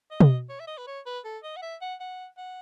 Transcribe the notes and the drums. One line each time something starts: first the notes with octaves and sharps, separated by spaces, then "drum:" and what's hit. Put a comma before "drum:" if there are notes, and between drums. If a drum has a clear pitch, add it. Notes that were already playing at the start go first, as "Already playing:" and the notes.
D#5
drum: tom
C#5
E5
D#5
B4
C#5
B4
A4
D#5
F#5
E5
F#5
F#5
F#5